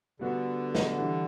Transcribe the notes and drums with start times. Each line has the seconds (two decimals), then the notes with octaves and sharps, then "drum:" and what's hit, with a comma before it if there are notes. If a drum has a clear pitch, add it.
0.19 D3 G3 B3 F#4 B4
0.75 drum: snare
0.97 E3 G3 D4